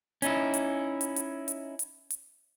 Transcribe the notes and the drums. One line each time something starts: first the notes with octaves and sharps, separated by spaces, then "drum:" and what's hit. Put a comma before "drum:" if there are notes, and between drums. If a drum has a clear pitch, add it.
C#4 D#4 E4, drum: hi-hat
drum: hi-hat
drum: hi-hat
drum: hi-hat
drum: hi-hat
drum: hi-hat
drum: hi-hat